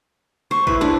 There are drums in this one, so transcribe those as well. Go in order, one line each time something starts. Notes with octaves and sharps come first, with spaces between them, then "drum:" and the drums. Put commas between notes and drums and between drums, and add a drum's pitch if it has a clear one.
C5 C#6
E4 B4, drum: kick G#1
D4 B4 C5